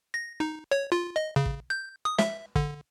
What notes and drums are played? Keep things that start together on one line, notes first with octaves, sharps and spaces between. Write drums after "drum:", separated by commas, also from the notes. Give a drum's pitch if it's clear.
A#6
D#4
C#5
F4
D#5
C#3
drum: kick
G6
D#6
E5, drum: snare
D3, drum: kick